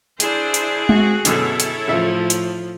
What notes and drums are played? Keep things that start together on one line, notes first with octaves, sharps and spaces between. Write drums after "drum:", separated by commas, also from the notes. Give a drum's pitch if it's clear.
D4 E4 G#4 C5, drum: hi-hat
drum: hi-hat
C4 F#4, drum: tom G#3
F#2 B2 D3 E4 A4 C#5, drum: hi-hat
drum: hi-hat
A2 C#3 F3 E5
drum: hi-hat